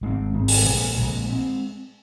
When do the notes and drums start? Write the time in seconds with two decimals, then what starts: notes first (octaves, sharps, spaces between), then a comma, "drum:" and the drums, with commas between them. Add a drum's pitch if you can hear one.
0.01 G#1 G#2 G#3 C4
0.33 G#1 G#2 G#3 C4
0.48 drum: open hi-hat
0.65 A#1 A#2 G#3
0.97 A#1 A#2 G#3
1.28 G#3 C4